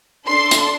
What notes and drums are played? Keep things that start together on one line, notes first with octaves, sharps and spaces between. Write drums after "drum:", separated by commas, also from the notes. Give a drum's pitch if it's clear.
D4 A4 C6
drum: hi-hat